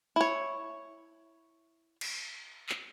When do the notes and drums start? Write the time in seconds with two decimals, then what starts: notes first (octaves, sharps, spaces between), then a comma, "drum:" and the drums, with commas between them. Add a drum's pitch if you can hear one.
0.16 E4 C#5
2.01 drum: cymbal
2.69 drum: clap